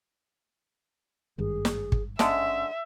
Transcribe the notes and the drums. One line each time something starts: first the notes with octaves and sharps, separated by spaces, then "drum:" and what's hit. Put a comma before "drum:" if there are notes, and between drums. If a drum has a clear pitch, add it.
G#1 G2 D#3 G#4
drum: snare
drum: kick
D3 G#3 C#4 E5, drum: snare